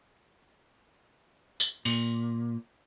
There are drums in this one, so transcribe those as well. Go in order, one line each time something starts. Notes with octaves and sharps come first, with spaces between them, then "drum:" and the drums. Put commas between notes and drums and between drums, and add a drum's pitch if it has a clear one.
drum: tambourine
A#2, drum: open hi-hat